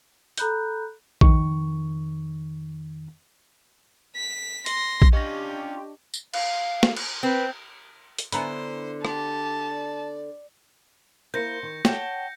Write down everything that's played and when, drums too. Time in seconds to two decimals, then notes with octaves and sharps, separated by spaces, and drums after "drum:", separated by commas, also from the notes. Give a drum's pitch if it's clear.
0.38 A4 A#5 B5 F#6 G6, drum: hi-hat
1.21 F2 D#3 C#6, drum: kick A#1
4.16 B6
4.66 C6 A#6, drum: hi-hat
5.02 drum: kick A#1
5.13 C#4 D4 F4 G4 D#5 C#6 A#6
6.14 drum: tambourine
6.34 F5, drum: cymbal
6.83 drum: snare
6.96 drum: cymbal
7.23 C4 B4
8.19 drum: hi-hat
8.32 D3 B3 E4 C5 G#5 A#5 B5, drum: hi-hat
9.05 G4 F#5 A5 C6, drum: rim click
9.73 D5
11.34 A#3 E4 A#4 C5 G6 A#6 C#7
11.63 D#3
11.85 C#5 F#5 G5 A5, drum: snare